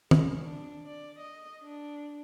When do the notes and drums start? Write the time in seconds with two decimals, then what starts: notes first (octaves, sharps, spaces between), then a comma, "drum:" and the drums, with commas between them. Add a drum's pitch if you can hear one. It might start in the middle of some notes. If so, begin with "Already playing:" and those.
0.11 G#3, drum: tom
0.44 D4
0.85 D5
1.19 D#5
1.64 D4